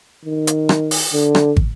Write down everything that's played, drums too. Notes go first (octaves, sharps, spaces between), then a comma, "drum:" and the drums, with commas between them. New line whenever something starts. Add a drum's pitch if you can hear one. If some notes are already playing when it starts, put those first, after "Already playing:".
D#3
drum: hi-hat
drum: rim click
drum: open hi-hat
D3
drum: rim click
drum: kick